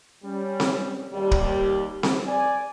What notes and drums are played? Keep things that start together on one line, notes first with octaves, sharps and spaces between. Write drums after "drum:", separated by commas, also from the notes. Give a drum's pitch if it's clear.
G3 C#4
drum: snare C4
D#2 G3 G4
drum: kick
drum: snare C4
D5 G#5